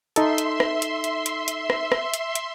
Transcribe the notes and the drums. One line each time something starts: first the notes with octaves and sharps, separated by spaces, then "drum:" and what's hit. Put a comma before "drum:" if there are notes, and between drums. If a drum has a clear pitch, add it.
D#4 A4 E5 C6, drum: hi-hat
drum: hi-hat
drum: rim click
drum: hi-hat
drum: hi-hat
drum: hi-hat
drum: hi-hat
drum: rim click
drum: rim click
drum: hi-hat
drum: hi-hat